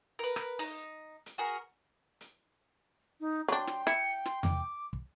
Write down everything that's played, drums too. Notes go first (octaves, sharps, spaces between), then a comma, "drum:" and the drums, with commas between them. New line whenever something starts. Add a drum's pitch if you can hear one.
A#4 B4
drum: rim click
D#4, drum: open hi-hat
drum: hi-hat
F#4 G#4 A#4
drum: hi-hat
D#4
F#3 D4 G5 C6
drum: snare
E4 C#7, drum: snare
C6, drum: snare
D6, drum: tom E2
drum: kick